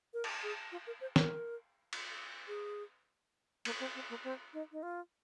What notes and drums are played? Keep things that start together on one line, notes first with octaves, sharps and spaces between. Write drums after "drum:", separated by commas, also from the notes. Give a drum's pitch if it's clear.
A#4
drum: cymbal
G#4
F4
A#4
C5
A#4, drum: snare
drum: cymbal
G#4
A#3, drum: cymbal
C4
C4
A#3
C4
D#4
D#4
F4